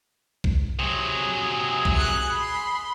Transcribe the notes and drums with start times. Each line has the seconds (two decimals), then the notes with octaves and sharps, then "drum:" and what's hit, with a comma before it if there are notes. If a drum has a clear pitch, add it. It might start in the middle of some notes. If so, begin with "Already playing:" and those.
0.44 drum: kick A#1
0.79 C3 F#3 G#4
1.85 drum: kick A#1
1.95 F#6 C#7
2.33 B5 C6